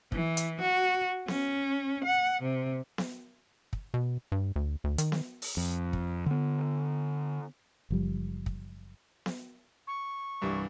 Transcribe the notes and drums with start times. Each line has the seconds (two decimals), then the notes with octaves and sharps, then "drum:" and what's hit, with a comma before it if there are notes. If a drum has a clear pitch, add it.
0.12 E3, drum: kick
0.37 drum: hi-hat
0.61 F#4
1.28 C#4, drum: snare B3
2.04 F#5
2.42 C3
2.98 drum: snare B3
3.73 drum: kick
3.94 B2
4.32 G2
4.56 D2
4.84 D2
4.98 D#3, drum: hi-hat
5.12 drum: snare B3
5.42 drum: open hi-hat
5.57 F2
5.93 drum: kick
6.26 D3 B3
7.90 F#1 F3 G3
8.46 drum: kick
9.26 drum: snare B3
9.87 C#6
10.42 C2 G2 E3